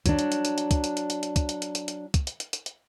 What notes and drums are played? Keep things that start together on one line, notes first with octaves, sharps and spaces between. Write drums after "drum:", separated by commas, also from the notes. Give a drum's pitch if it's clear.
F#3 D4, drum: kick, hi-hat
drum: hi-hat
drum: hi-hat
drum: hi-hat
drum: hi-hat
drum: kick, hi-hat
drum: hi-hat
drum: hi-hat
drum: hi-hat
drum: hi-hat
drum: kick, hi-hat
drum: hi-hat
drum: hi-hat
drum: hi-hat
drum: hi-hat
drum: kick, hi-hat
drum: hi-hat
drum: hi-hat
drum: hi-hat
drum: hi-hat